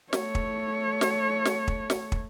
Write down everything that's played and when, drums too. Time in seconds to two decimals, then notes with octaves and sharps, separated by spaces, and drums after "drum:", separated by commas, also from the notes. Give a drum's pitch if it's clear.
0.13 A3 C#5, drum: snare
0.35 drum: kick
1.01 drum: snare
1.45 drum: snare
1.68 drum: kick
1.90 drum: snare
2.12 drum: kick